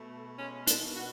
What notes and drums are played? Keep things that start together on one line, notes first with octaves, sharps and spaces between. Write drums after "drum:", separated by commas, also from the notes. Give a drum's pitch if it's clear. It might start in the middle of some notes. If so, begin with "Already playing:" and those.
Already playing: B2 A3
G#3 C#4
D4, drum: hi-hat
B2
F#4